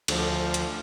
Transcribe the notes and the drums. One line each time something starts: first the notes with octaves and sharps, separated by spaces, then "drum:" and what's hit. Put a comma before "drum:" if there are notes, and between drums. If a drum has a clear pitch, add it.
D2 F3, drum: cymbal
drum: hi-hat